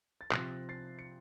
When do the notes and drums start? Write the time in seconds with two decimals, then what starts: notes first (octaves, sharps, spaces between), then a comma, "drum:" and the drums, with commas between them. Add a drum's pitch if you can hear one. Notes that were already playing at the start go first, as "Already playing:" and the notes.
0.21 A6
0.32 C3 F3 C4 F#6 A#6, drum: clap
0.69 A6 C7
0.99 C#7